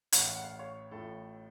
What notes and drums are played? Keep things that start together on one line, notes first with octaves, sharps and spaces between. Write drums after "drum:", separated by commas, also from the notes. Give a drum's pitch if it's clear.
A1 A2 F5, drum: hi-hat
F#5
F5
F#5
F5
F#5
C#5 F5
A1 A2 F4 A4